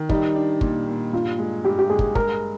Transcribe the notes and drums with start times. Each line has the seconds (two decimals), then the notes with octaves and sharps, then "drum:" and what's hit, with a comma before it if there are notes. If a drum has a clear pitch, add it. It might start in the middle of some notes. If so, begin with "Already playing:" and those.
Already playing: D#3
0.09 G3 D#4, drum: kick
0.36 D4
0.61 A#2, drum: kick
0.88 A#2
1.13 G2 F4
1.39 G#3
1.65 G2 G4
1.79 G4
1.90 G#3 G#4
1.99 drum: kick
2.15 G#3 A#4, drum: kick